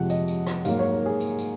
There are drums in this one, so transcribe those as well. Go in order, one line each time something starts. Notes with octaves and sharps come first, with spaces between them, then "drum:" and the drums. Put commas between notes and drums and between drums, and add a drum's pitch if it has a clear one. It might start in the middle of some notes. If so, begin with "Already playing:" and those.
Already playing: F2 C3 F3 G#3 F#5
D#5, drum: tambourine
drum: tambourine
drum: rim click
G#2 F#3 A#3 F5, drum: tambourine
C#5
A#4
G#4
drum: tambourine
drum: tambourine